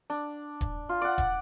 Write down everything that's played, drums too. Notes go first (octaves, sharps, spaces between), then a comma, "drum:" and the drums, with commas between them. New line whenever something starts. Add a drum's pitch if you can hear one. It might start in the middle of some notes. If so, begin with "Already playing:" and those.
D4
drum: kick D#1, hi-hat
F4
D5 F#5
drum: kick D#1, hi-hat